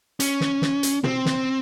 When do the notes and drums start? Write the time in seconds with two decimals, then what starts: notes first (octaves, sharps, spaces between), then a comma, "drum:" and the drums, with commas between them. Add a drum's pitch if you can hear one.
0.20 C#4, drum: hi-hat
0.41 drum: snare
0.62 drum: snare
0.83 drum: hi-hat
1.04 C4, drum: tom
1.25 drum: snare